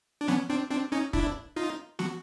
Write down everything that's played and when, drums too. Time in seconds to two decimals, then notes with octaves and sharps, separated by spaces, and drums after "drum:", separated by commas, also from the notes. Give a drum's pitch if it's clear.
0.21 D4
0.28 B3 C#4, drum: snare
0.50 C4 D4
0.70 C4 D4
0.92 C#4 D#4
1.13 D4 E4, drum: kick
1.56 D#4 F4
1.99 F#4, drum: snare